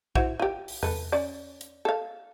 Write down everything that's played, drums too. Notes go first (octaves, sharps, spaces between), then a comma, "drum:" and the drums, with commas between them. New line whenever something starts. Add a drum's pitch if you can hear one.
E4 F#4 C5, drum: kick
F4 G4
drum: open hi-hat
A4 B4, drum: tom E2
C#4 D5
drum: hi-hat
A4 F5